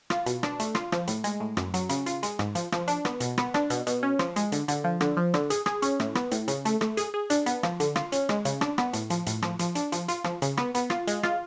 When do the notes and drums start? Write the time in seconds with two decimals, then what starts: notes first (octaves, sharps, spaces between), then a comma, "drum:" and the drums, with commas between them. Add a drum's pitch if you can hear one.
0.10 F4, drum: rim click
0.26 B2, drum: hi-hat
0.43 D4, drum: rim click
0.60 A3, drum: hi-hat
0.75 F4, drum: rim click
0.92 F3, drum: rim click
1.07 A2, drum: hi-hat
1.24 G#3, drum: hi-hat
1.40 A2
1.57 F#2, drum: rim click
1.74 F#3, drum: hi-hat
1.89 C#3, drum: hi-hat
2.06 F4, drum: hi-hat
2.23 G#3, drum: hi-hat
2.39 G#2, drum: rim click
2.55 F3, drum: hi-hat
2.72 F3, drum: rim click
2.88 D4, drum: hi-hat
3.05 B3, drum: rim click
3.20 B2, drum: hi-hat
3.38 B3, drum: rim click
3.54 D4, drum: rim click
3.70 B2, drum: hi-hat
3.87 B2, drum: hi-hat
4.03 C#4
4.19 F3, drum: rim click
4.36 G#3, drum: hi-hat
4.52 D3, drum: hi-hat
4.68 D3, drum: hi-hat
4.84 F3
5.01 D3, drum: rim click
5.17 F3
5.34 D3, drum: rim click
5.50 G#4, drum: hi-hat
5.66 G#4, drum: rim click
5.82 C#4, drum: hi-hat
6.00 A2, drum: rim click
6.15 B3, drum: rim click
6.31 A2, drum: hi-hat
6.48 C#3, drum: hi-hat
6.65 A3, drum: hi-hat
6.81 A3, drum: rim click
6.97 G#4, drum: hi-hat
7.14 G#4
7.30 D4, drum: hi-hat
7.46 B3, drum: hi-hat
7.63 F3, drum: rim click
7.80 D3, drum: hi-hat
7.96 F4, drum: rim click
8.12 C#4, drum: hi-hat
8.29 G#3, drum: rim click
8.45 C#3, drum: hi-hat
8.61 D4, drum: rim click
8.78 B3, drum: rim click
8.93 A2, drum: hi-hat
9.10 F3, drum: hi-hat
9.26 A2, drum: hi-hat
9.42 F3, drum: rim click
9.59 F3, drum: hi-hat
9.75 D4, drum: hi-hat
9.92 F3, drum: hi-hat
10.08 F4, drum: hi-hat
10.24 F3, drum: rim click
10.42 C#3, drum: hi-hat
10.57 B3, drum: rim click
10.75 B3, drum: hi-hat
10.90 F4, drum: rim click
11.07 G#3, drum: hi-hat
11.23 F4, drum: rim click